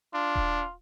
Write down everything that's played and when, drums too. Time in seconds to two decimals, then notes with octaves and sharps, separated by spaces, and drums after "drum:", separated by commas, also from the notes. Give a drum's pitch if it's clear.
0.14 D4 F4
0.35 drum: kick D#1